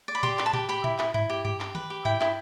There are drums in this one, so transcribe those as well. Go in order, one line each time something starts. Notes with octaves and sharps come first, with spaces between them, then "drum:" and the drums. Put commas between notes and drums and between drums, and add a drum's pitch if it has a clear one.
D5
B5
G4 C6, drum: tom A2
B4, drum: clap
A5
G4, drum: tom A2
G4 B5
E4, drum: tom A2
E4, drum: clap
E4, drum: tom G2
G4
G4, drum: tom G2
G4, drum: clap
B4, drum: tom
G4
E4 G5, drum: tom G2
E4, drum: clap